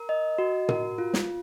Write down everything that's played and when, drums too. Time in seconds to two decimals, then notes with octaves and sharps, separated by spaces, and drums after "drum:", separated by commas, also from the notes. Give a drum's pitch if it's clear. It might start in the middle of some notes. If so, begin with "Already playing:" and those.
Already playing: A#4
0.09 D#5
0.38 F#4
0.69 A#4, drum: tom
0.98 F4
1.14 drum: snare